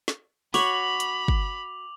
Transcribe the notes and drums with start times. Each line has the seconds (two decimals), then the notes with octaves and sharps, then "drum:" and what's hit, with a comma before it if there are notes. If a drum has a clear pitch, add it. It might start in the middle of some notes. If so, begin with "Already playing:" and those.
0.08 drum: snare
0.54 F#4 C#5 B5 C#6 D6 F7 F#7, drum: open hi-hat
1.00 drum: hi-hat
1.28 drum: kick